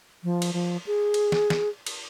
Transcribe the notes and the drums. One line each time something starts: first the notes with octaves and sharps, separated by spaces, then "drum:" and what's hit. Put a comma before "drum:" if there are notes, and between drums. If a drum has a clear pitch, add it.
F3
drum: cymbal
F3
G#4
drum: cymbal
drum: snare
drum: snare
drum: cymbal